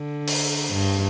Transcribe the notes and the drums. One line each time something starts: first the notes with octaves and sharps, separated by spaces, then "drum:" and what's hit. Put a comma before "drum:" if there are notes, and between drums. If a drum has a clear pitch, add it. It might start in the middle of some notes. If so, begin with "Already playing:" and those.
Already playing: D3
drum: open hi-hat
G2